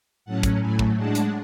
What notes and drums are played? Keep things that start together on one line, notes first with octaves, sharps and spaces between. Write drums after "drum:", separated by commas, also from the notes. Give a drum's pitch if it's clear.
A2 F#3 C#4 F#5 A5
drum: kick, hi-hat
A2 F#3 A3 G#5 B5
drum: kick
A2 G#3 D4 F#5 A5
drum: hi-hat